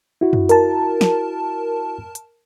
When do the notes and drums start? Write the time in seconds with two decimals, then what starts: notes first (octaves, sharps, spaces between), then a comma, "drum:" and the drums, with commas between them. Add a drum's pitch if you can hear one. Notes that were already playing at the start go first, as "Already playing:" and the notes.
0.21 E4 F#4
0.33 drum: tom F#2
0.49 A#4 A5, drum: hi-hat
1.01 drum: snare
2.15 drum: hi-hat